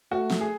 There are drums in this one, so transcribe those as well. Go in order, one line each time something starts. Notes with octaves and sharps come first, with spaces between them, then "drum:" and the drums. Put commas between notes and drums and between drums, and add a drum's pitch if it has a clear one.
A3 F#4
drum: snare
G#4